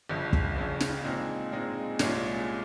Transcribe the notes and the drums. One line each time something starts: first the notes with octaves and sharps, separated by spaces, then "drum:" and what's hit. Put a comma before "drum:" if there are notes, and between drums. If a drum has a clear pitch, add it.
G1 F2 C#3
drum: kick
G1 F2 C#3
drum: snare
A#2 G#3 C4 D#4 G#4
A#2 G#3 C4 D#4 G#4
C2 A#2 G#3 C#4 G#4, drum: snare